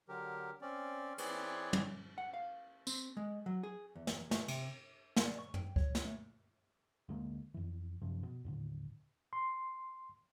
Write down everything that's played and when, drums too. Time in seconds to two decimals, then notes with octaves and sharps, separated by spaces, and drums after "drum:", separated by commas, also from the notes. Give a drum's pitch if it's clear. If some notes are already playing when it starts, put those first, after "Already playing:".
0.08 D3 F#3 G4 A#4
0.62 C4 C#4 D5
1.18 E3 C4 G#4 B4 C#5 D5, drum: cymbal
1.73 drum: tom
2.18 F#5
2.34 F5
2.87 C4, drum: tambourine
3.17 G#3
3.46 F#3
3.63 G#4
3.96 E2
4.07 drum: snare
4.31 A3, drum: snare
4.48 C3, drum: cymbal
5.16 drum: snare
5.26 D5
5.39 C#6
5.54 G5, drum: tom
5.76 C#5, drum: kick C#2
5.95 drum: snare
6.05 A3
7.09 D2 G#3 A#3
7.54 F2 E3
8.02 F#2 C3 F3
8.23 B2
8.45 D#2 A2 D3
9.33 C6